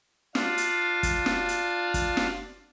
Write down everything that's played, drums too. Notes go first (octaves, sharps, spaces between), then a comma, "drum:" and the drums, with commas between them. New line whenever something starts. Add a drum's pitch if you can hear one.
D4 F4 F5, drum: snare
drum: hi-hat
drum: kick F#1, hi-hat
drum: snare
drum: hi-hat
drum: kick F#1, hi-hat
drum: snare